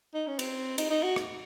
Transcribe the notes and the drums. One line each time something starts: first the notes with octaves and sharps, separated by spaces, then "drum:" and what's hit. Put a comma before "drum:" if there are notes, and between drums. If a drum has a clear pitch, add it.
D#4
C#4
C4, drum: cymbal
D#4, drum: cymbal
D#4
F#4
drum: rim click